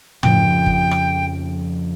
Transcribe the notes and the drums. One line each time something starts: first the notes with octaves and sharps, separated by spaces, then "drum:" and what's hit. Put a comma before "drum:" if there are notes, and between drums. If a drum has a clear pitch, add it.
F2 C#3 F3 G5, drum: tom
drum: kick G1
drum: rim click